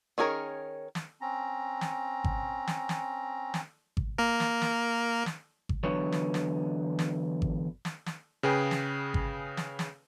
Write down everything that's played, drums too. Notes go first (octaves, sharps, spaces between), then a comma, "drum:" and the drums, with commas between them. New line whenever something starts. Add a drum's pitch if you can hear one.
D#3 C#4 G#4 A#4 C#5
drum: snare
C4 C#4 A#5
drum: snare
drum: kick G#1
drum: snare
drum: snare
drum: snare
drum: kick G#1
A#3 A#4
drum: snare
drum: snare
drum: snare
drum: kick G#1
E2 D3 F#3 B4 C#5
drum: snare
drum: snare
drum: snare
drum: kick G#1
drum: snare
drum: snare
C#3 G#4 B4 G5
drum: snare
drum: kick G#1
drum: snare
drum: snare